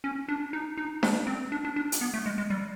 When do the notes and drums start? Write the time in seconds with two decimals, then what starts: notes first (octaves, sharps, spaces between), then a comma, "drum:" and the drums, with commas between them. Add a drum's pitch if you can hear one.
0.04 C#4
0.28 D4
0.53 D#4
0.77 D#4
1.03 D4, drum: snare D4
1.27 C4
1.52 D4
1.65 D4
1.76 D4
1.92 drum: hi-hat
2.01 B3
2.14 A3
2.26 G#3
2.38 G#3
2.50 G3